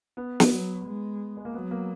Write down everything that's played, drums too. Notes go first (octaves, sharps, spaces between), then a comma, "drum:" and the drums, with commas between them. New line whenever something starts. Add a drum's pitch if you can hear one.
B3
drum: snare
F#3
G#3
G#3
A#3
F#3 B3
A#3